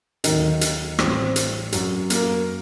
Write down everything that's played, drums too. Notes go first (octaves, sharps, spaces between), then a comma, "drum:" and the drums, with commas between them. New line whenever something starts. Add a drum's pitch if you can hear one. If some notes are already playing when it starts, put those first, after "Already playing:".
D#2 D3 D#3 F#3 D#4, drum: hi-hat
drum: hi-hat
A1 A2 G3 C4 C5, drum: rim click
drum: hi-hat
F#2 F#3, drum: hi-hat
A#3 A#4, drum: hi-hat